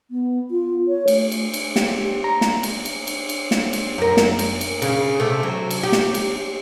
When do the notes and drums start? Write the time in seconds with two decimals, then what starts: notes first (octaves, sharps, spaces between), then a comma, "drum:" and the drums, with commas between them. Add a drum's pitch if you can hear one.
0.11 B3
0.51 F4
0.88 C#5
1.08 A3, drum: cymbal
1.32 drum: cymbal
1.54 drum: cymbal
1.76 G4, drum: snare
2.24 A#5
2.41 drum: snare
2.63 drum: cymbal
2.85 drum: cymbal
3.07 drum: cymbal
3.29 drum: cymbal
3.51 drum: snare
3.73 drum: cymbal
3.98 F#2 A#4
4.17 drum: snare
4.39 drum: cymbal
4.61 drum: cymbal
4.82 C#3, drum: cymbal
5.20 C3 A3
5.43 F#3
5.70 drum: cymbal
5.83 G4
5.92 drum: snare
6.14 drum: cymbal